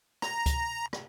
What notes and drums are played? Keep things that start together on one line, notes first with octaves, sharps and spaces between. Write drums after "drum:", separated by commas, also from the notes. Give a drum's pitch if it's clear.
A#5, drum: rim click
drum: kick C#2, hi-hat
drum: rim click